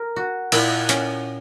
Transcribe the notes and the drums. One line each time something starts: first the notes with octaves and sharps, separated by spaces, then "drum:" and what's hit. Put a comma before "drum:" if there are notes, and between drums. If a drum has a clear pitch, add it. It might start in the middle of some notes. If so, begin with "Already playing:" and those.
Already playing: A#4
F#4
A#2 E4, drum: cymbal
C#4, drum: hi-hat